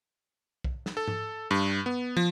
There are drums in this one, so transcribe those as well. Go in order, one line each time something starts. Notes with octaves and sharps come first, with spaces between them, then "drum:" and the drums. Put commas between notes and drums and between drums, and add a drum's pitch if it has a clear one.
drum: kick B1
drum: snare
A4
drum: tom G#2
G2
B3
F3